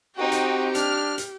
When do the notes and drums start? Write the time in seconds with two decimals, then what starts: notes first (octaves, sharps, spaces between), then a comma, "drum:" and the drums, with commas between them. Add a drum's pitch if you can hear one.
0.18 C4 D#4 F#4 G4 G5
0.32 drum: hi-hat
0.75 D4 F6, drum: hi-hat
1.18 drum: hi-hat